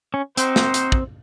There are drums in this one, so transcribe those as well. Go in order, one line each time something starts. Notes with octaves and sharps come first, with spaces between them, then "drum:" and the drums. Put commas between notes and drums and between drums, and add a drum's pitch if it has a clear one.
C#4
C4 D#4 F#4 C5, drum: hi-hat
drum: snare
drum: hi-hat
drum: kick